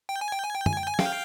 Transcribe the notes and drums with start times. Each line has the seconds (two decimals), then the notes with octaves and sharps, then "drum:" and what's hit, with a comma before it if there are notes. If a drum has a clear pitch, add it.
0.09 G5
0.21 G#5
0.32 G5
0.43 G#5
0.54 G5
0.66 G#5, drum: tom
0.77 G5
0.87 G#5
0.99 F5 G5, drum: snare